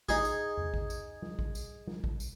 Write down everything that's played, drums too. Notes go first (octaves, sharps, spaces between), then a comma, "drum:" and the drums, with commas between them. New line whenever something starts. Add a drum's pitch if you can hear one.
D#4 G#4, drum: kick A1
drum: tambourine
drum: tom E2
drum: kick A1
drum: tambourine
drum: tom G3
drum: kick A1
drum: tambourine
drum: tom G3
drum: kick A1
drum: tambourine